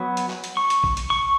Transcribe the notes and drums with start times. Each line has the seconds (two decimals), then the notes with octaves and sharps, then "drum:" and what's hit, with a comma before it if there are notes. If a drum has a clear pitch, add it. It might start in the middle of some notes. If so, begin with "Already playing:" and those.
Already playing: F#3 B3
0.17 drum: hi-hat
0.30 drum: clap
0.44 drum: hi-hat
0.57 C#6
0.70 drum: hi-hat
0.84 drum: kick
0.97 drum: hi-hat
1.10 C#6